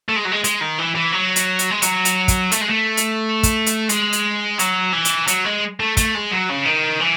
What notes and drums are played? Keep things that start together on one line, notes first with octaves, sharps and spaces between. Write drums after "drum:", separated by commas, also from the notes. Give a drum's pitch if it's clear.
A3
G#3
F#3
G#3
G#3, drum: hi-hat
D#3
E3
E3
F#3
drum: hi-hat
drum: hi-hat
G#3
F#3, drum: hi-hat
drum: hi-hat
drum: kick, hi-hat
A3, drum: hi-hat
G#3
A3
drum: hi-hat
drum: kick, hi-hat
drum: hi-hat
G#3, drum: hi-hat
drum: hi-hat
F#3, drum: hi-hat
E3
drum: hi-hat
F#3, drum: hi-hat
G#3
A3
A3, drum: kick, hi-hat
G#3
F#3
C#3
D#3
E3